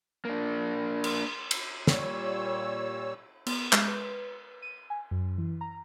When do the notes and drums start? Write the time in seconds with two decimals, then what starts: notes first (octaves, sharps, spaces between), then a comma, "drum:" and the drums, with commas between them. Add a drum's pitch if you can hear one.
0.25 A#3 D4
1.04 drum: cymbal
1.51 drum: cymbal
1.87 A#2 G3 C#5 E6, drum: snare
3.47 B3, drum: cymbal
3.73 G#3, drum: clap
3.88 B4
4.62 D#7
4.90 G#5
5.11 F#2
5.38 E3
5.61 A#5